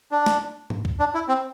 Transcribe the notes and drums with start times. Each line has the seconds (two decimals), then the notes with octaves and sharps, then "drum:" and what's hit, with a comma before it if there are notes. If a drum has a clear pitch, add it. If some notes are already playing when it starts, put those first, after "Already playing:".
0.11 D4
0.26 drum: snare
0.70 drum: tom G#2
0.85 drum: kick C#2
0.99 D4
1.14 E4
1.28 C4